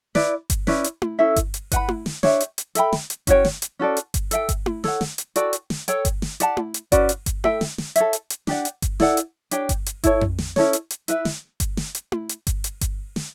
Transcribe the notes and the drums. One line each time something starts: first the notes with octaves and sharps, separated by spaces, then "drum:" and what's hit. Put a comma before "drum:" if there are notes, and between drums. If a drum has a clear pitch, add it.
E4 B4 D5, drum: snare
drum: kick G1, hi-hat
C#4 E4 B4 D5, drum: snare
drum: hi-hat
drum: tom E4
C#4 E4 A4 E5
drum: kick G1, hi-hat
drum: hi-hat
B4 F#5 B5, drum: kick G1, hi-hat
drum: tom E4
drum: snare
D4 G4 C#5 E5, drum: snare
drum: hi-hat
drum: hi-hat
A4 E5 G5 B5, drum: hi-hat
drum: snare
drum: hi-hat
C#4 F#4 C#5 G5, drum: kick G1, hi-hat
drum: snare
drum: hi-hat
C#4 F#4 A4 D5
drum: hi-hat
drum: kick G1, hi-hat
A4 E5 G5, drum: hi-hat
drum: kick G1, hi-hat
drum: tom E4
A4 C#5 F#5, drum: snare
drum: snare
drum: hi-hat
F#4 A4 D5 G5, drum: hi-hat
drum: hi-hat
drum: snare
A4 C#5 G5, drum: hi-hat
drum: kick G1, hi-hat
drum: snare
G4 D5 F#5 A5, drum: hi-hat
drum: tom E4
drum: hi-hat
C#4 F#4 B4 D5, drum: kick G1, hi-hat
drum: hi-hat
drum: kick G1, hi-hat
A4 E5 G5, drum: tom E4
drum: snare
drum: snare
A4 C#5 E5, drum: hi-hat
drum: hi-hat
drum: hi-hat
D4 G4 D5 F#5, drum: snare
drum: hi-hat
drum: kick G1, hi-hat
E4 A4 D5 F#5, drum: snare
drum: hi-hat
D4 G4 C#5 G5, drum: hi-hat
drum: kick G1, hi-hat
drum: hi-hat
E4 A4 C#5, drum: kick G1, hi-hat
drum: tom F2
drum: snare
C#4 E4 A4 C#5, drum: snare
drum: hi-hat
drum: hi-hat
E4 B4 E5, drum: hi-hat
drum: snare
drum: kick G1, hi-hat
drum: snare
drum: hi-hat
drum: tom E4
drum: hi-hat
drum: kick G1, hi-hat
drum: hi-hat
drum: kick G1, hi-hat
drum: snare